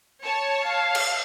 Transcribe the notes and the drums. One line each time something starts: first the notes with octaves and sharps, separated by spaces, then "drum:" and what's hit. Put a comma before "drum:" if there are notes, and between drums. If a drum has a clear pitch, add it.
C#5 A5
F5
drum: cymbal